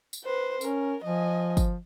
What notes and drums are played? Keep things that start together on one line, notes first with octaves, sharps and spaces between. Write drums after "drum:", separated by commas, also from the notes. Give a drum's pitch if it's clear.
drum: tambourine
B4 C5
C#4 A#4, drum: tambourine
F3 D#5 G#5
drum: kick, tambourine